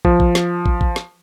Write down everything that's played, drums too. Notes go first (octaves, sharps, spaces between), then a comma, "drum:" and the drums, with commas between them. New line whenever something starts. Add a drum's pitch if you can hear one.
F3, drum: kick
drum: kick
drum: snare
drum: kick
drum: kick
drum: snare